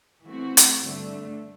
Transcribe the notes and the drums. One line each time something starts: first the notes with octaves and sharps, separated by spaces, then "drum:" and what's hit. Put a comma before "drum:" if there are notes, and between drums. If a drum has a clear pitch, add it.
E3 A3 C4 F#4
drum: hi-hat
G2 D3 A3